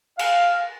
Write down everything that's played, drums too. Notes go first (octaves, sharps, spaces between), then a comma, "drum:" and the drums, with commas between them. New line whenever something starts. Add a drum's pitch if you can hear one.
F5, drum: cymbal